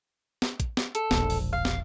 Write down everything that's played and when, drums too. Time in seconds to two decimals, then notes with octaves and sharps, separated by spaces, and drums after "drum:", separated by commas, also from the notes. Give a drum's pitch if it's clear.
0.42 drum: snare
0.60 drum: kick, hi-hat
0.77 drum: snare
0.95 A4, drum: hi-hat
1.11 E1 A#1, drum: snare
1.30 drum: open hi-hat
1.53 F5
1.65 drum: snare